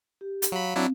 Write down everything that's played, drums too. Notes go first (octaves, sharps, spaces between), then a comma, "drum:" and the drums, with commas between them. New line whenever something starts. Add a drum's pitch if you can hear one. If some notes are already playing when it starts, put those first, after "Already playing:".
G4
drum: hi-hat
F#3 F5 B5
F#3 C4 D4 E4